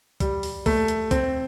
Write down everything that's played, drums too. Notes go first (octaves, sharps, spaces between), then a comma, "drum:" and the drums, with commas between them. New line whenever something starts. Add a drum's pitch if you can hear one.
G3, drum: kick, hi-hat
drum: open hi-hat
A3, drum: kick, open hi-hat
drum: hi-hat
C4, drum: kick, hi-hat